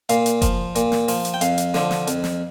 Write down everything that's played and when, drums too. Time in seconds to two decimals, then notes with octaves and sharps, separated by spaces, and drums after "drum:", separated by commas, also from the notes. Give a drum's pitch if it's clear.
0.09 A#2 F5, drum: hi-hat
0.26 drum: hi-hat
0.42 F3, drum: kick F#1, hi-hat
0.75 A#2, drum: hi-hat
0.92 drum: snare
1.08 F3, drum: open hi-hat
1.25 drum: hi-hat
1.34 G5
1.41 F2 F5, drum: hi-hat
1.58 drum: hi-hat
1.74 D3 F3, drum: snare
1.91 drum: snare
2.07 F2, drum: hi-hat
2.24 drum: snare